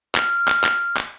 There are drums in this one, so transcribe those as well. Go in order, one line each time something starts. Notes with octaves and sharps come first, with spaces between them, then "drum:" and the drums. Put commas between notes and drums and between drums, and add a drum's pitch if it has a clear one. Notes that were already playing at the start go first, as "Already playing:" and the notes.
F6, drum: clap
drum: clap
drum: clap
drum: clap